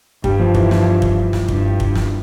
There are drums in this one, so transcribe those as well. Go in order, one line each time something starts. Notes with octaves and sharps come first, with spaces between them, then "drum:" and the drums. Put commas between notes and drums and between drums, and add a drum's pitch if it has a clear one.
G2 G3, drum: kick
F3
E3, drum: kick
F3, drum: snare
drum: kick
drum: snare
G2, drum: kick
drum: kick
drum: snare